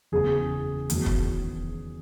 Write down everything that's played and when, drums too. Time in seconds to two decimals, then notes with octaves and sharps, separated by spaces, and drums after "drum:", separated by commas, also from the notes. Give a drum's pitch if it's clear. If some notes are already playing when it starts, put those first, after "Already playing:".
0.12 F#1 E2 C#3 G#4
0.90 E2 D#3 F#3, drum: hi-hat
1.06 drum: kick